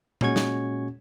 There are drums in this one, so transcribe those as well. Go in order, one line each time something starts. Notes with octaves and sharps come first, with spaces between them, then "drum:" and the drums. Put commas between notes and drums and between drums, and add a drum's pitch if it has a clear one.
A#2 G#3 C#4 F#4 C#6 G#6, drum: tom A#2
drum: snare